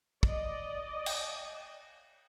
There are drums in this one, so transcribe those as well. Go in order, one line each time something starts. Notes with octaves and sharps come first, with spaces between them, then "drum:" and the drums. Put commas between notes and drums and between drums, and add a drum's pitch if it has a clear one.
D5 D#5, drum: kick
drum: cymbal